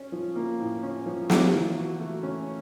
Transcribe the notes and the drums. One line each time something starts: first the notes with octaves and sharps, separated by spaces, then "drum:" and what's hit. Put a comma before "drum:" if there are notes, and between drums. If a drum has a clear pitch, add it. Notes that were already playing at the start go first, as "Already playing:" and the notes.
Already playing: C#4
F3
A#3
A2
C#4
F3
A#3, drum: snare
E3
F#4
A3
C#4